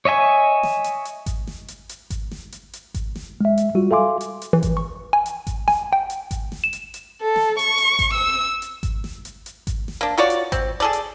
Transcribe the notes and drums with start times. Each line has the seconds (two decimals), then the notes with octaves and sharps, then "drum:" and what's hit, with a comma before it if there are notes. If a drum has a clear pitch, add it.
0.05 C#5 D#5 E5 G#5 C#6
0.63 drum: snare
0.84 drum: hi-hat
1.05 drum: hi-hat
1.26 drum: kick G#1, hi-hat
1.47 drum: snare
1.68 drum: hi-hat
1.89 drum: hi-hat
2.10 drum: kick G#1, hi-hat
2.31 drum: snare
2.52 drum: hi-hat
2.73 drum: hi-hat
2.94 drum: kick G#1, hi-hat
3.15 drum: snare
3.41 G#3 E5
3.58 drum: hi-hat
3.75 G3 F4 F#4
3.91 A4 E5 F5 G#5 C6 D6
4.21 drum: hi-hat
4.42 drum: hi-hat
4.53 E3
4.63 drum: kick G#1, hi-hat
4.77 C#6
5.13 G#5
5.26 drum: hi-hat
5.47 drum: kick G#1, hi-hat
5.68 G#5, drum: snare
5.93 G5
6.10 drum: hi-hat
6.31 drum: kick G#1, hi-hat
6.52 drum: snare
6.64 E7
6.73 drum: hi-hat
6.94 drum: hi-hat
7.21 A4
7.36 drum: snare
7.59 C#6, drum: hi-hat
7.78 drum: hi-hat
7.99 drum: kick G#1, hi-hat
8.13 E6
8.62 drum: hi-hat
8.83 drum: kick G#1, hi-hat
9.04 drum: snare
9.25 drum: hi-hat
9.46 drum: hi-hat
9.67 drum: kick G#1, hi-hat
9.88 drum: snare
10.01 A#3 D4
10.18 F4 F#4 C#5 D5
10.30 drum: hi-hat
10.52 C4, drum: kick G#1, hi-hat
10.80 G#4 A4 D5
10.93 drum: hi-hat